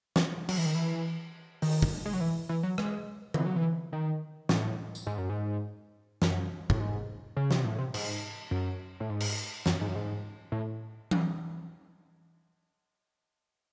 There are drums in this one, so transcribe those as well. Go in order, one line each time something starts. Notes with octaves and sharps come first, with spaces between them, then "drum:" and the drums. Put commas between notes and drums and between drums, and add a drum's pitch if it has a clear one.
drum: snare
F#3, drum: cymbal
E3
D#3
E3
D#3, drum: open hi-hat
drum: kick
G#3
F#3
E3
E3
F#3
G#3, drum: rim click
E3, drum: tom D3
F#3
E3
D#3
A2, drum: snare
drum: tambourine
G#2
F#2
G#2
F#2, drum: snare
A2, drum: kick
G#2
C#3
C3, drum: snare
A2
C3
G#2, drum: cymbal
F#2
A2
G#2
drum: cymbal
F#2, drum: snare
G#2
F#2
G#2
A2
drum: tom E3